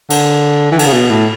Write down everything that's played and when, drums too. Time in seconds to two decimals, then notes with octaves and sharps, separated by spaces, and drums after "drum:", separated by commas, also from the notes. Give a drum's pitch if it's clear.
0.10 D3, drum: cymbal
0.72 E3
0.79 D3, drum: cymbal
0.86 C#3
0.93 B2
1.10 A2